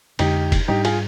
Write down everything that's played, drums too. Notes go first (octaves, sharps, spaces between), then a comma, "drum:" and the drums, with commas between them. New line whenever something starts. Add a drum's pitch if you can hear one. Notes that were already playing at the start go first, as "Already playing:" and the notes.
F2 D3 G#3 D#4 G4, drum: cymbal
drum: kick F1, cymbal
G#2 G3 D4 D#4 G4
F4 G#4, drum: cymbal